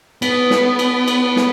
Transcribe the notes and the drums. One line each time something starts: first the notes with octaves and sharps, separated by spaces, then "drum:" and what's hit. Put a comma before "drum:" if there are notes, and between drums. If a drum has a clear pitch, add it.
B3, drum: cymbal
drum: snare
drum: cymbal
drum: cymbal
drum: snare